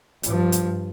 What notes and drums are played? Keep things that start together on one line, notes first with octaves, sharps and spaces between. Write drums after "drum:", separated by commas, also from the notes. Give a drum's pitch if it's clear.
G2 F3, drum: hi-hat
drum: hi-hat